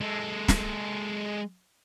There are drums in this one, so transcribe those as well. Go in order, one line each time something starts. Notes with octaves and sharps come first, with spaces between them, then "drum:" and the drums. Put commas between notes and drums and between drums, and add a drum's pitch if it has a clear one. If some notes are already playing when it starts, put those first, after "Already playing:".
G#3 A4
drum: snare